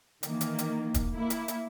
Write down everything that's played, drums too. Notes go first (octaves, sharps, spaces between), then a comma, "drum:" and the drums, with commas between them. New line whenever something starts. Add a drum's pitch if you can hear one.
D#3 E3 A#3, drum: hi-hat
drum: hi-hat
drum: hi-hat
drum: kick, hi-hat
A#3 E4
drum: hi-hat
drum: hi-hat